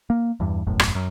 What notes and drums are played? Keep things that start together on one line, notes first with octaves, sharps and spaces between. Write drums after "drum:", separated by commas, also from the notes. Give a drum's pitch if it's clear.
A#3
E2 G2
E1 A1 F#2 A2
drum: rim click
F#2